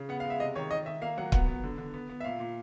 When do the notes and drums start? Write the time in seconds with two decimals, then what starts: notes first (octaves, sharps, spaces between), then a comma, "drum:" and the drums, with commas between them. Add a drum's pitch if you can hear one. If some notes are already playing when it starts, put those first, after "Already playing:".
Already playing: C#3
0.09 B3 F#5
0.20 F5
0.25 G#3
0.30 E5
0.40 C3 D#5
0.55 D#3 C#5
0.70 D#3 D#5
0.86 D#3 E5
1.01 A#3 F5
1.18 F#3 F#5
1.32 B3 F#5, drum: kick
1.48 B3
1.64 D3
1.78 D3
1.94 B3
2.10 B3
2.20 E5
2.24 A#2 F5
2.40 A#2